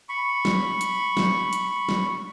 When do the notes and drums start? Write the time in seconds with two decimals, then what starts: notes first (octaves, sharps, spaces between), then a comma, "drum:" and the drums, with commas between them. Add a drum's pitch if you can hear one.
0.09 B5 C#6
0.45 drum: snare
0.81 drum: hi-hat
1.17 drum: snare
1.53 drum: hi-hat
1.89 drum: snare